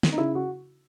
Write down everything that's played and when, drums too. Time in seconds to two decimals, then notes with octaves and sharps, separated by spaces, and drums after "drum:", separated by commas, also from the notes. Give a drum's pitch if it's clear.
0.03 drum: snare
0.13 D#4
0.18 C#3 E4
0.35 F#4